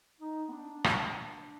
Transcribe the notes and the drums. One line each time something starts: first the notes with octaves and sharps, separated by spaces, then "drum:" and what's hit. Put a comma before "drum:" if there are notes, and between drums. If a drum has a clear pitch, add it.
D#4
B3
D4
D4, drum: rim click